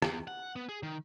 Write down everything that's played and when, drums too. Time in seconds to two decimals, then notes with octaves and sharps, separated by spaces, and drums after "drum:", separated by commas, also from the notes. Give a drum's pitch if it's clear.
0.02 E2, drum: rim click
0.27 F#5
0.56 B3
0.69 G#4
0.83 D#3